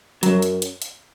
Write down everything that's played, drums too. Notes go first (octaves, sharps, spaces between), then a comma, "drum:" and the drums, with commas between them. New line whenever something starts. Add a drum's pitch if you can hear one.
F#2 F#3, drum: hi-hat
drum: hi-hat
drum: hi-hat
drum: hi-hat